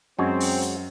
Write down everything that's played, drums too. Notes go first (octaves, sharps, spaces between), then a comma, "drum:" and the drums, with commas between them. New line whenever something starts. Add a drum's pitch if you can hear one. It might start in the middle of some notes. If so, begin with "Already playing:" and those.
F#2 F#3 G#3 C4 C#5
drum: open hi-hat
drum: hi-hat